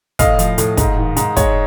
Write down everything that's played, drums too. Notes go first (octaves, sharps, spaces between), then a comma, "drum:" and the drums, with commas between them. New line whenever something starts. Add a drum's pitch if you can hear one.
A2 D#5 F5, drum: kick, hi-hat
F3, drum: hi-hat
A2, drum: hi-hat
G#2, drum: kick, hi-hat
D#3
G#2, drum: hi-hat
G#3 C#5 D#5, drum: kick, hi-hat